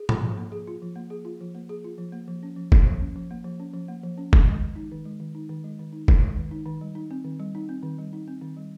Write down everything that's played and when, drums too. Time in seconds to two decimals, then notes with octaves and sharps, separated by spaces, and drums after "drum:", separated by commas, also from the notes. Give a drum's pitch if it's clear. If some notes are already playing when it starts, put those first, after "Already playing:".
Already playing: G#4
0.09 F4, drum: tom
0.22 F3
0.38 A#3
0.52 G#4
0.67 F4
0.82 F3
0.96 A#3
1.10 G#4
1.25 F4
1.41 F3
1.55 A#3
1.69 G#4
1.84 F4
1.98 F3
2.12 A#3
2.28 F3
2.43 C#4
2.56 F3
2.72 A#3, drum: kick
2.86 F3
3.01 C#4
3.16 F3
3.30 A#3
3.44 F3
3.60 C#4
3.74 F3
3.88 A#3
4.03 F3
4.17 C#4
4.33 D#3, drum: kick
4.46 G#3
4.61 D#3
4.76 D#4
4.91 D#3
5.05 G#3
5.20 D#3
5.35 D#4
5.49 D#3
5.64 G#3
5.79 D#3
5.93 D#4
6.08 D#3, drum: kick
6.22 G#3
6.37 D#3
6.51 D#4
6.66 D#3
6.81 G3
6.95 D#4
7.11 C4
7.25 D#3
7.40 G3
7.55 D#4
7.69 C4
7.83 D#3
7.99 G3
8.13 D#4
8.27 C4
8.41 D#3
8.57 G3